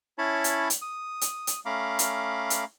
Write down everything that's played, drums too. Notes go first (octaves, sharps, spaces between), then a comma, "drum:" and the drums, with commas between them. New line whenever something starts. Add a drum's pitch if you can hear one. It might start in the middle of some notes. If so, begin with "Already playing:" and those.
C#4 E4 C#5 A5 B5
drum: hi-hat
drum: hi-hat
D#6
drum: hi-hat
drum: hi-hat
A3 C#4 F5 A#5 B5 D6
drum: hi-hat
drum: hi-hat